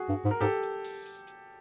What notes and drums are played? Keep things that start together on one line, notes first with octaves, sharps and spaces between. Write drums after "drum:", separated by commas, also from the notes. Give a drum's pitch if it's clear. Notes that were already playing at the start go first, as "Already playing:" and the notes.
Already playing: F#4 G#4
G2
G#2
A#4
G#2 G4 A4, drum: hi-hat
drum: hi-hat
drum: open hi-hat
drum: hi-hat
drum: hi-hat